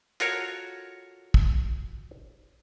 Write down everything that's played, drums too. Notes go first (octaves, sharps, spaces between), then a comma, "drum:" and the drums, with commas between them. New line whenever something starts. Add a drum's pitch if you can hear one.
F4 F#4 A4 A#4 C#5, drum: hi-hat
drum: kick